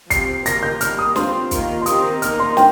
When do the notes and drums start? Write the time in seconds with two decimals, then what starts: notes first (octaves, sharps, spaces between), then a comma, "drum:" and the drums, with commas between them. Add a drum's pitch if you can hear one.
0.10 F3 C4 G4 C7, drum: kick, hi-hat
0.46 D#3 G3 A#3 F4 A#4 A#6, drum: hi-hat
0.63 G6
0.81 D#3 G3 A#3 F6, drum: hi-hat
0.99 D#6
1.16 C4 F4 C5 C6, drum: snare
1.51 D#3 A#3 F4, drum: kick, hi-hat
1.82 C6
1.86 D#3 C4 D#4 G4 D#6, drum: hi-hat
2.22 A#3 D#4 A#4 F6, drum: hi-hat
2.40 C6
2.57 G5, drum: snare